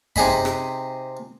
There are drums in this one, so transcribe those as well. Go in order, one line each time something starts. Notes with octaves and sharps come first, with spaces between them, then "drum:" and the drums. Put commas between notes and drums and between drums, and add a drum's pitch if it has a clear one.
C3 D#4 G#4 D#5 B5, drum: kick F#2
drum: rim click